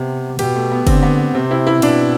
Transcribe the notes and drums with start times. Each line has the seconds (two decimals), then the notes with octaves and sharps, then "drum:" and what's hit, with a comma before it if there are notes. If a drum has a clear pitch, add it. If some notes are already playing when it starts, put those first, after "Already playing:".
Already playing: C3 B3
0.39 B2 G4, drum: cymbal
0.55 A3
0.71 B3
0.87 D3 C4, drum: kick, cymbal
1.03 B3
1.35 C3 C4
1.51 E4
1.67 E4
1.82 B2 D4, drum: cymbal